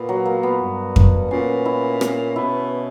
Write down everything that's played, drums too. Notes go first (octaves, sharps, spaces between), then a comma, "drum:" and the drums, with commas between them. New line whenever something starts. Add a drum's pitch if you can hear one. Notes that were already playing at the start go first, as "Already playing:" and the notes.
Already playing: A#2 B3
F#3
A#3
B3
G2
drum: kick F2
A#2 C#4
E4
drum: rim click
B2 E4